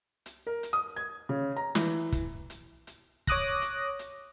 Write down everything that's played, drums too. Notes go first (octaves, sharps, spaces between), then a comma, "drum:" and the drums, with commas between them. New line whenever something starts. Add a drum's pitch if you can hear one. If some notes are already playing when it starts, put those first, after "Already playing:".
drum: hi-hat
A#4
drum: hi-hat
D#6
G#6
C#3
A#5
E3, drum: snare
drum: kick, hi-hat
drum: hi-hat
drum: hi-hat
C#5 D6 D#6 F#6 A#6, drum: kick, hi-hat
drum: hi-hat
drum: hi-hat